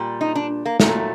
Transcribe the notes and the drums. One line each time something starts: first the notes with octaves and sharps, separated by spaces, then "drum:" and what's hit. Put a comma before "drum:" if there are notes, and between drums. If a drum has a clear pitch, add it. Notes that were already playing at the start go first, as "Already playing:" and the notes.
Already playing: A#2 G3
D#4
D4
A#3
A#2 F#3 A3, drum: snare